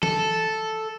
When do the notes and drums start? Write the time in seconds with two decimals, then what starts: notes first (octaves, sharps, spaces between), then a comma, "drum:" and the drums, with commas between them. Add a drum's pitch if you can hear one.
0.03 A4, drum: tom